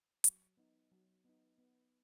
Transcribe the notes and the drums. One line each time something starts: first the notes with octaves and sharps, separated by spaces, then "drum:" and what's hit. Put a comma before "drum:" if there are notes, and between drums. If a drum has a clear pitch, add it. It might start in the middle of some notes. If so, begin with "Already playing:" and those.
F#3, drum: hi-hat
B3 D#4
F#3
B3 D#4
B3